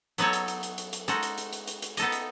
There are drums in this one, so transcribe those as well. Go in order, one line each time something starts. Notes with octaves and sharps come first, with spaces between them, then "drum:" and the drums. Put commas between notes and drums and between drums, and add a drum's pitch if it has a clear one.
F#3 B3 D#4 A4 C#5, drum: hi-hat
drum: hi-hat
drum: hi-hat
drum: hi-hat
drum: hi-hat
drum: hi-hat
G#3 D#4 F#4 A4, drum: hi-hat
drum: hi-hat
drum: hi-hat
drum: hi-hat
drum: hi-hat
drum: hi-hat
B3 D#4 A4 D#5, drum: hi-hat
drum: hi-hat